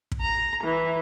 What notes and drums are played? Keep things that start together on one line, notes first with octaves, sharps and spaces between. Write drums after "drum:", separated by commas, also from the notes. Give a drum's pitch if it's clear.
drum: kick
A#5
E3